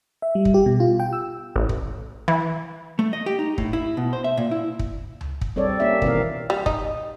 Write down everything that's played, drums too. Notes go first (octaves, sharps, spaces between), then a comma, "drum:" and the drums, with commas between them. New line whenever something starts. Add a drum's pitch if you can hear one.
E5
G3
drum: kick
G4
B2
F4
G5
E6
A1
drum: kick
E3
A3
D#5
G4
D#4
A2, drum: kick
E4
B2
C5
E5
A#2
E4
drum: kick
drum: tom C#2
drum: kick
G3 C4 A4 C#5 D5
A#3 C#4 G4 E5
B2 D#3 E3 C4 A#4 F5, drum: kick
G3
D#4, drum: kick